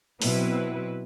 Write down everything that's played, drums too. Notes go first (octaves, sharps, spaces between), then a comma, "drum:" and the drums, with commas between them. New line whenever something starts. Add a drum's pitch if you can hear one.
B2 F#3 C4 E4 B4, drum: open hi-hat